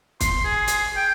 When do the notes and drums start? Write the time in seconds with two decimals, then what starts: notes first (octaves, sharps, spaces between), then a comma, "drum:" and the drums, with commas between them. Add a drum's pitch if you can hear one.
0.21 C6, drum: kick, hi-hat
0.44 G#4
0.68 drum: hi-hat
0.96 G5